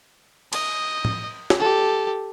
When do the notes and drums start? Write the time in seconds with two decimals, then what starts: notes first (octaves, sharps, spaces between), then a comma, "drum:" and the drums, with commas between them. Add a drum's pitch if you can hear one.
0.53 D#5, drum: cymbal
1.05 drum: tom A2
1.50 drum: snare
1.60 G4 A4